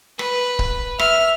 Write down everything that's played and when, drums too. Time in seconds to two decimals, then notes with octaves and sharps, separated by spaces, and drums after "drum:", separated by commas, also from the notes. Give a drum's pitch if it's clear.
0.19 B4, drum: rim click
0.59 drum: kick D1
0.99 E5 F6, drum: rim click